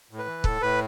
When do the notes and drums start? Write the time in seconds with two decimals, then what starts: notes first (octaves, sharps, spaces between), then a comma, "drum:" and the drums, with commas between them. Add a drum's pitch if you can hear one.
0.11 A2
0.19 B4
0.27 E3
0.44 A2 A4, drum: kick
0.62 A2 B4